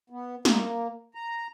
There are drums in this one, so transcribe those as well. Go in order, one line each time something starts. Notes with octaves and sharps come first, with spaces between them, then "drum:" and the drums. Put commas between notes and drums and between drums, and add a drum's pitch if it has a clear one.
B3
A#3, drum: snare
A#5